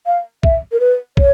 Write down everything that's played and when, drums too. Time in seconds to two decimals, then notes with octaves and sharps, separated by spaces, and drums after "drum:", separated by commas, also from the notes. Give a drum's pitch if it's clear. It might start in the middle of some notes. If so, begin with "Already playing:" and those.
0.06 F5
0.43 E5, drum: kick
0.72 A#4
0.80 B4
1.17 C#5, drum: kick